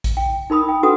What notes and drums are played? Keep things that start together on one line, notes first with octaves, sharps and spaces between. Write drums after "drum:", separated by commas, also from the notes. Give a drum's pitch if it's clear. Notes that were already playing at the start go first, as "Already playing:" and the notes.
drum: kick A#1, hi-hat
G5
D#4 A#4 B5 D#6
G5
D4 F#4 A4 B4 F#5 D#6